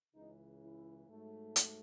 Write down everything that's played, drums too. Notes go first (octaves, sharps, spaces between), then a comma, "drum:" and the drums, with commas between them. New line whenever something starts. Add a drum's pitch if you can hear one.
C#2 C#3 E3 D#4
E4
G#2 F#3 A3
drum: hi-hat